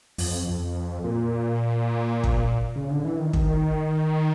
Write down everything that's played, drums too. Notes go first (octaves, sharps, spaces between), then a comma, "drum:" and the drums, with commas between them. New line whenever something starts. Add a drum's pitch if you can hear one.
F2, drum: open hi-hat
F2
A#2
drum: kick
C#3
D3
E3
D#3
D#3, drum: kick